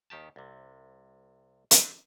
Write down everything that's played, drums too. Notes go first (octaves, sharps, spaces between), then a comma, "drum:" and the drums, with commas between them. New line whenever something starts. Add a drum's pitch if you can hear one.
D#2 D#3 G4 A5
C2 C3
C4 D4 B4, drum: hi-hat